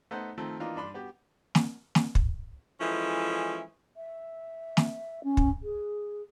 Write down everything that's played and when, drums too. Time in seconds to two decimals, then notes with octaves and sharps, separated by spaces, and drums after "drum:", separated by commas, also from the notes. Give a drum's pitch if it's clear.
0.11 A3 B3 D#4 C5 F#5
0.37 D#3 F3 A3 C4
0.60 E3 A#3 D4 D#4 F4
0.76 G2 D4 B5 C6
0.94 B3 F#4 G4
1.55 drum: snare
1.95 drum: snare
2.15 drum: kick
2.81 E3 F3 G#3 C#4 E4 A4
3.97 E5
4.77 drum: snare
5.24 C#4
5.37 drum: kick
5.63 G#4